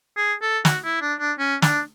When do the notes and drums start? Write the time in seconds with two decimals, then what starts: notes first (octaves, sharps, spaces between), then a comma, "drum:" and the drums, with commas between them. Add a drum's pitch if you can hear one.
0.17 G#4
0.42 A4
0.65 F#4, drum: snare
0.84 E4
1.01 D4
1.20 D4
1.39 C#4
1.62 D4, drum: snare